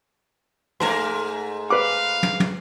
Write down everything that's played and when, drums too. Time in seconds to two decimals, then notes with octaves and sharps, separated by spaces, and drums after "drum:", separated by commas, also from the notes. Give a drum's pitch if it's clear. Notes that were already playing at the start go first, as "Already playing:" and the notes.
0.80 G#2 A3 A#4, drum: rim click
1.70 B4 F5 D6
2.23 drum: tom
2.40 drum: tom